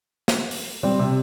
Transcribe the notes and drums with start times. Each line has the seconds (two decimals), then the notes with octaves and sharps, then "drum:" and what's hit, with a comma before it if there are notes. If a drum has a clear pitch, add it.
0.28 drum: snare
0.51 drum: open hi-hat
0.83 G3 C4
0.99 C3